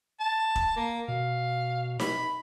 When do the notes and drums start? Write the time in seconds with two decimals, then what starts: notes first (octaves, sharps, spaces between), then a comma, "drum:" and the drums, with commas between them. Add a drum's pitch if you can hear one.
0.20 A5
0.56 drum: kick E1
0.77 A#3
1.08 B2 F5
2.00 B5, drum: snare D#4